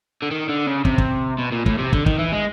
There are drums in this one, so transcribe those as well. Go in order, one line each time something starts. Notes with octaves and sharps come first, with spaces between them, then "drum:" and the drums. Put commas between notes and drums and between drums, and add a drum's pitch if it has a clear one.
D3
D#3
D3
C#3
C3, drum: kick
drum: kick
B2
A#2
A2, drum: kick
C3
D3, drum: kick
D#3, drum: kick
E3
G#3